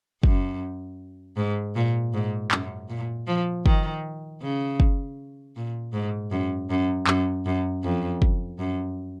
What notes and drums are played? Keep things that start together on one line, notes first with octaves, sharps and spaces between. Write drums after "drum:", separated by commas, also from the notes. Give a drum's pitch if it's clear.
F#2, drum: kick
G#2
A#2
G#2
F#2, drum: clap
A#2
F3
D#3, drum: kick
C#3
drum: kick
A#2
G#2
F#2
F#2
F#2, drum: clap
F#2
F2
drum: kick
F#2